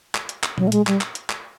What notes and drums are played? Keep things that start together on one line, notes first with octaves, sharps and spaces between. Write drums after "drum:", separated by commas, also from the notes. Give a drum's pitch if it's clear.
drum: clap
drum: hi-hat
drum: clap
F#3, drum: tom A#2
A3
G#3, drum: hi-hat
G3, drum: clap
drum: clap
drum: hi-hat
drum: clap